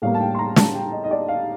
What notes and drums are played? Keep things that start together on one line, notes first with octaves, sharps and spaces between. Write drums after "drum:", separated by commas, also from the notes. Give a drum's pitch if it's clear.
A2 G3 A#3 F5
A5
G5
C6
A#5
A5, drum: snare
G5
D#5
D#5
D5
F5